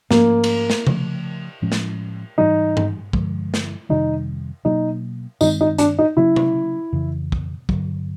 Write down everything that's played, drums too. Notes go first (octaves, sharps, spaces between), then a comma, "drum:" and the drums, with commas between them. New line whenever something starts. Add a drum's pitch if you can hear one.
G#2 F3 A3 A#3 C#4, drum: snare
drum: cymbal
drum: snare
C#3 F3 A3, drum: tom C3
A2 F3 G#3 C#4
drum: snare
G#2 E3 G3 D#4
drum: tom G2
G2 D3 F3 G#3, drum: kick
drum: snare
F2 C3 D#3 G3 D#4
B2 F#3 A#3 D#4
G2 D#3 G#3 C4 D#4, drum: tambourine
D#4
D4, drum: hi-hat
D#4
C#3 F#3 A#3 C#4 E4
drum: tom C3
F2 C#3 E3
drum: kick
G2 D3 F#3, drum: kick